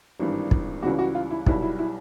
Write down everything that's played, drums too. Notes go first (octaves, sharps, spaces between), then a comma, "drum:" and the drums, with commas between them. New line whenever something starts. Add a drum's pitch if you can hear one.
G#1 G2 E3 G3
drum: kick
C#2 C#3 E3 G3 F#4
F#4
F4
E4
B1 B2 G3 E4, drum: kick
E4
E4